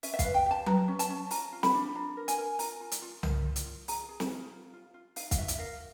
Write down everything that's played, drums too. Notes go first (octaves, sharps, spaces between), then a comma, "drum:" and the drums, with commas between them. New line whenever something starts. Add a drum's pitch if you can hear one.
C#4 E5, drum: open hi-hat
E5
F5, drum: kick, hi-hat
B4
G5
G4 A5
B4 A#5, drum: tom F#3
C#4
A5, drum: hi-hat
C#4
F4 A#5, drum: open hi-hat
F4
B5, drum: snare
D4
D4 A#5
A#4
G#5, drum: hi-hat
A#4
F4 A#5, drum: open hi-hat
F4
drum: hi-hat
F4
A#4, drum: tom C2
F4
drum: hi-hat
F4
G#4 A#5, drum: open hi-hat
G#4
drum: snare
F4
F4
F4
F4
D#4 F5, drum: open hi-hat
F5, drum: kick, hi-hat
F#4 E5
drum: hi-hat
A#4 F5